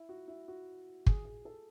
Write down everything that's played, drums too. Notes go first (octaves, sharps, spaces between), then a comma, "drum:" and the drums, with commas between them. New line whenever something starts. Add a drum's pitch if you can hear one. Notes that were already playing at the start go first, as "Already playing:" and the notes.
Already playing: E4
F#4
E4
F#4
G#4, drum: kick
G#4
A4